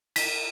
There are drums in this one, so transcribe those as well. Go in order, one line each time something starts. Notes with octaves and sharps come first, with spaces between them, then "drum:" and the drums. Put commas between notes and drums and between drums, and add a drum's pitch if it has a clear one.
B6, drum: cymbal